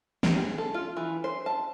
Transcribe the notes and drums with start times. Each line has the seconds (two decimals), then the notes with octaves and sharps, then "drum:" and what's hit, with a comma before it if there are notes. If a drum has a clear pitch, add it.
0.23 G5, drum: snare
0.38 G#4
0.58 A4
0.74 F4
0.97 E3
1.24 C5
1.46 A5